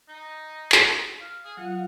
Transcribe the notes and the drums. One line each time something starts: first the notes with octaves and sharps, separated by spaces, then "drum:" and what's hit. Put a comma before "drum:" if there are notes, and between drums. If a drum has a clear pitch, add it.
D#4
drum: clap
F5
G#4
F#3 F4 F5 F#5